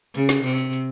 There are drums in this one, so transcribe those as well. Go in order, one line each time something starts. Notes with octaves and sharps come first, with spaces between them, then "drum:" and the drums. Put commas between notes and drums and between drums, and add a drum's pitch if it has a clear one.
C#3, drum: hi-hat
drum: snare
C3, drum: hi-hat
drum: hi-hat
drum: hi-hat